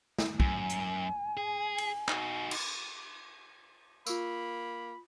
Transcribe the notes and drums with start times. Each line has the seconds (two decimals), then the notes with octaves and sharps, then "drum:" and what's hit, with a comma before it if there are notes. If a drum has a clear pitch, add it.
0.19 drum: snare
0.40 F#2 G#5, drum: kick
0.70 drum: hi-hat
1.37 G#4
1.78 drum: cymbal
2.08 D#4 F#4, drum: clap
2.51 drum: cymbal
4.06 A#3 F4 B5 C#6 E6, drum: tambourine